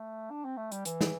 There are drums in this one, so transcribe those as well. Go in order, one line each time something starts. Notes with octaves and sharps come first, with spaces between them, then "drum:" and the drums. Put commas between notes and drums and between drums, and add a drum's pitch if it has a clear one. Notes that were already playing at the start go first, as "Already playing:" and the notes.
Already playing: A3
D4
C4
A3
G3, drum: hi-hat
E3, drum: hi-hat
drum: snare